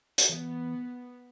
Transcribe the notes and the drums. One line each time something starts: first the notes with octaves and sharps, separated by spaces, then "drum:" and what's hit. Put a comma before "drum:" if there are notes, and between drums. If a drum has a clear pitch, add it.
drum: hi-hat
E3 B3